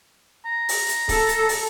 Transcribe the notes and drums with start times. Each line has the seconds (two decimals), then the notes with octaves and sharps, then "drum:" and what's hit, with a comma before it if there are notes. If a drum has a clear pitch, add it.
0.45 A#5
0.69 drum: open hi-hat
0.89 drum: hi-hat
1.09 A4, drum: kick C#1, open hi-hat
1.29 drum: hi-hat
1.49 drum: open hi-hat